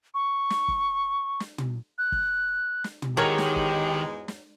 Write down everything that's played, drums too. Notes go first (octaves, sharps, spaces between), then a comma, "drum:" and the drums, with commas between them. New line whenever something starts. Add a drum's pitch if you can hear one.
C#6
drum: snare
drum: kick F#1
drum: snare
drum: tom
F#6
drum: kick F#1
drum: snare
drum: tom
E2 G#2 D#3 F#3 G#3 G4 A#4 C#5
drum: snare
drum: kick F#1
drum: snare